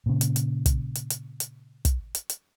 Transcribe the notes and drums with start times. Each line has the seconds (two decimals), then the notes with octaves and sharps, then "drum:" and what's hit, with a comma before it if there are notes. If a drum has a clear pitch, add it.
0.06 A#2 C#3
0.21 drum: hi-hat
0.36 drum: hi-hat
0.66 drum: kick, hi-hat
0.95 drum: hi-hat
1.10 drum: hi-hat
1.40 drum: hi-hat
1.85 drum: kick, hi-hat
2.15 drum: hi-hat
2.30 drum: hi-hat